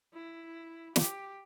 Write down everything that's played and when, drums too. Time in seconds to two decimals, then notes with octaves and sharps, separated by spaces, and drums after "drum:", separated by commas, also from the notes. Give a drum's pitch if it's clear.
0.14 E4
0.96 G4, drum: snare